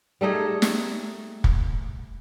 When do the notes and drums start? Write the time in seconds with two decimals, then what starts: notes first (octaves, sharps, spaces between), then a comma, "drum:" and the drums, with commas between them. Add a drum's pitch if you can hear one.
0.21 G3 A3 D#4 G#4
0.62 drum: snare
1.44 drum: kick